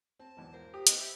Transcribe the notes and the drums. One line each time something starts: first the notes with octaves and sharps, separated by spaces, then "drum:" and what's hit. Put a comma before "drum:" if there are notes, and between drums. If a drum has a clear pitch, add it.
C4 A5
B1 E2 G#2
F3 A#4 C5
G4 G5 D#6
A2 D#3 B3 C5 D#5 B5, drum: hi-hat
G4 E5 G5